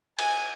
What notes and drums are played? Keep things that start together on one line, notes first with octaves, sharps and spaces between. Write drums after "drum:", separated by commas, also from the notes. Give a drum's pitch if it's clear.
G#5, drum: cymbal